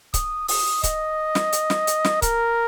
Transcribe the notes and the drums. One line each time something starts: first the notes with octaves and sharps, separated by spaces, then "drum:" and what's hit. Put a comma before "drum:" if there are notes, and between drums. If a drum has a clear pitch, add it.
D#6, drum: kick C#1, hi-hat
D#6, drum: open hi-hat
D#5, drum: kick C#1, hi-hat
drum: snare
drum: hi-hat
drum: snare
drum: hi-hat
drum: snare
A#4, drum: kick C#1, hi-hat